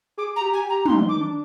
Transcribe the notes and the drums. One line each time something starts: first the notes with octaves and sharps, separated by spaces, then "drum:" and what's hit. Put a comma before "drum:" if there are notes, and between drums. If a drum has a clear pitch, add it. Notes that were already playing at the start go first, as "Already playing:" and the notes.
G#4 D6
A#5
G4
G#5
G4
A#5
D#4 C6, drum: tom
D6
D4